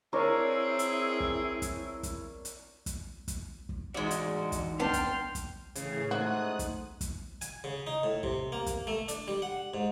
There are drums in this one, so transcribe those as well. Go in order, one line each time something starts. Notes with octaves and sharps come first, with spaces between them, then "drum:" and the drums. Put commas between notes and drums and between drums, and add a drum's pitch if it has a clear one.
C4 D4 E4 G#4 A#4 C#5
drum: hi-hat
drum: kick
drum: kick, hi-hat
drum: kick, hi-hat
drum: hi-hat
drum: kick, hi-hat
drum: kick, hi-hat
drum: kick
E3 G#3 D#4 F#4 D5
drum: hi-hat
drum: kick, hi-hat
B3 D4 G5 A5 C6 F6
drum: kick, hi-hat
drum: kick, hi-hat
A2 C#3 E3 G#4, drum: hi-hat
G#2 A3 F#4 D#6 F#6
drum: kick, hi-hat
drum: kick, hi-hat
G#5, drum: hi-hat
C#3
D#4
A2
C3, drum: kick
A#3
drum: kick, hi-hat
A3
D4, drum: hi-hat
G3
F#5
G#2